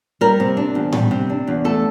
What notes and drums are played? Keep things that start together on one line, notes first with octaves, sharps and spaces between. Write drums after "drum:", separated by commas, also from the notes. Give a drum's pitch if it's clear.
G3 A#4
C3
D4
E2
G3, drum: tom A2
C3
D4
E2
A3 A4